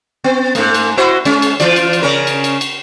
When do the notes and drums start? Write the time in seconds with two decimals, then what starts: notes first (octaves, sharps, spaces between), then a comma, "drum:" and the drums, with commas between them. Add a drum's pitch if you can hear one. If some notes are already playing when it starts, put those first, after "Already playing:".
0.24 B3
0.55 G#2 A3, drum: cymbal
0.75 drum: cymbal
0.97 E4 F#4 C5
1.25 G#3 C#4, drum: cymbal
1.42 drum: cymbal
1.60 E3 F4 D5, drum: cymbal
1.76 drum: cymbal
1.93 drum: cymbal
2.02 C#3 C#4 A#4
2.27 drum: cymbal
2.44 drum: cymbal
2.61 drum: cymbal